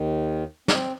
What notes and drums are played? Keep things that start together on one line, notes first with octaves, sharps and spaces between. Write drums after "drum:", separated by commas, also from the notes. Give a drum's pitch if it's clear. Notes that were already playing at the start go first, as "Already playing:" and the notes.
Already playing: D#2 D#3
C4, drum: snare